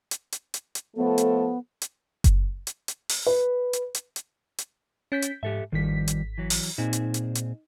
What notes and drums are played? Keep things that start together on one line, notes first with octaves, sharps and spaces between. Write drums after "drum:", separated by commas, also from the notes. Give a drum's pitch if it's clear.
drum: hi-hat
drum: hi-hat
drum: hi-hat
drum: hi-hat
F3 A3 B3 A4
drum: hi-hat
drum: hi-hat
drum: kick F#1, hi-hat
drum: hi-hat
drum: hi-hat
drum: open hi-hat
B4
drum: hi-hat
drum: hi-hat
drum: hi-hat
drum: hi-hat
C#4 G6 B6
drum: hi-hat
G#2 G4 A4 E5
G#1 D#3 F3 G3 B6
drum: hi-hat
E3 F#3
drum: open hi-hat
A#2 C4 D#4 G#4
drum: hi-hat
drum: hi-hat
drum: hi-hat